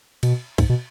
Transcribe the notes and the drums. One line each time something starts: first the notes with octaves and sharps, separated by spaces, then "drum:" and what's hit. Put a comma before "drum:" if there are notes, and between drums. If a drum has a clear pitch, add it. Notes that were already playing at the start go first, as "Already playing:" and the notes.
B2, drum: cymbal
G#2, drum: kick, cymbal
B2